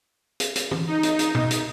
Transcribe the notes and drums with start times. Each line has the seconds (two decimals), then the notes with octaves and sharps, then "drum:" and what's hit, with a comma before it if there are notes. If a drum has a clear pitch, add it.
0.40 drum: hi-hat
0.56 drum: hi-hat
0.71 drum: tom
0.87 D#4
1.03 drum: hi-hat
1.19 drum: hi-hat
1.35 drum: tom
1.51 drum: hi-hat